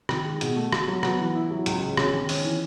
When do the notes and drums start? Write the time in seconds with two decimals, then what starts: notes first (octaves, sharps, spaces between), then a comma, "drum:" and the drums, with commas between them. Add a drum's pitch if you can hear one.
0.09 D#3, drum: rim click
0.26 G#3
0.41 B2, drum: hi-hat
0.56 A3
0.72 F#4, drum: rim click
0.88 F#3
1.03 B3, drum: rim click
1.19 E3
1.35 E4
1.51 F#3
1.66 C#2, drum: hi-hat
1.82 C#3
1.97 C#4, drum: rim click
2.13 D#3
2.29 C#4, drum: open hi-hat
2.44 E3